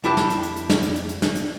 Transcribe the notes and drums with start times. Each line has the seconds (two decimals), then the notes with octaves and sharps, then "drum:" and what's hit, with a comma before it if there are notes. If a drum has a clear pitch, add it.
0.04 F2 D4 E4 G4 A5
0.17 drum: snare
0.30 drum: hi-hat
0.43 drum: hi-hat
0.56 drum: hi-hat
0.70 drum: snare
0.83 drum: hi-hat
0.96 drum: hi-hat
1.09 drum: hi-hat
1.22 drum: snare
1.35 drum: hi-hat